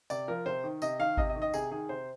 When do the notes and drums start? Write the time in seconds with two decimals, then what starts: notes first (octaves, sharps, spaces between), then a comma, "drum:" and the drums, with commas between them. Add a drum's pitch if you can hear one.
0.10 C3 D5, drum: tambourine
0.28 F3 A#4
0.46 C3 C5
0.64 D#3
0.82 C3 D#5, drum: tambourine
0.99 D#3 F5
1.17 C3 D#5, drum: kick G#1
1.30 D#5
1.36 D#3
1.42 D#5
1.54 C3 G#4, drum: tambourine
1.71 D#3 G#4
1.89 C3 C5